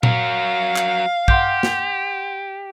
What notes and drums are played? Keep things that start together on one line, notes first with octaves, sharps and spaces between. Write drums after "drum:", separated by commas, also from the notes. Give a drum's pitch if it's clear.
F#3 A#4 F5, drum: tom A#2
drum: clap
G4 F#5 C6 G6, drum: kick
drum: snare